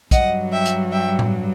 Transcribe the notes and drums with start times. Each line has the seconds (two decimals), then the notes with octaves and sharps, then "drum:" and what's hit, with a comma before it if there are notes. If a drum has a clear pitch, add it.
0.11 G2 F#3 D#5 F#5, drum: kick, hi-hat
0.52 E5 G5
0.65 drum: hi-hat
0.92 E5 G5
1.19 drum: tom A2